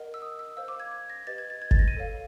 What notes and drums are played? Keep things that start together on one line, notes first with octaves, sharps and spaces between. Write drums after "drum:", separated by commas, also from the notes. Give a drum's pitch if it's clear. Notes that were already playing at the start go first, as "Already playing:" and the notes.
Already playing: A#4 D#5 F#5
E6
D#6
E6
C5 F5 E6
D6
G#6
G#6
A#6
G4 B4 D#5 A6
G#6
A6
G#6
A6, drum: kick G1
A#6
D#7
A4 C#5 F5